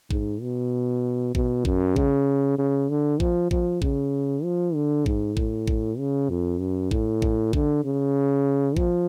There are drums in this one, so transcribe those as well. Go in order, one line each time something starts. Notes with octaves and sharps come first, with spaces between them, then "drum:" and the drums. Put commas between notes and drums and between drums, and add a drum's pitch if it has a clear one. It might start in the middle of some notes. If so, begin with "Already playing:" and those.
G#2, drum: kick A1
B2
B2, drum: kick A1
F#2, drum: kick A1
C#3, drum: kick A1
C#3
D3
F3, drum: kick A1
F3, drum: kick A1
C#3, drum: kick A1
F3
D3
G#2, drum: kick A1
A2, drum: kick A1
drum: kick A1
C#3
F2
F#2
A2, drum: kick A1
drum: kick A1
D3, drum: kick A1
C#3
F3, drum: kick A1